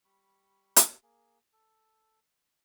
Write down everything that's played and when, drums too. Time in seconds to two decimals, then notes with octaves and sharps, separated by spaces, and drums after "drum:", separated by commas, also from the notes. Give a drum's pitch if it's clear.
0.05 G3 B5 C#6
0.76 drum: hi-hat
1.03 A#3 G#4
1.53 A4